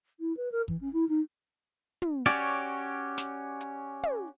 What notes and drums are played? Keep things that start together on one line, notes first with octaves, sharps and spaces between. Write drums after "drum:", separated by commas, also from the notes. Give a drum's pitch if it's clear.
E4
B4
A#4
E3, drum: kick
C#4
E4
D#4
drum: tom
C#4 F#4 G4 C#5 D5
drum: snare
drum: hi-hat
drum: tom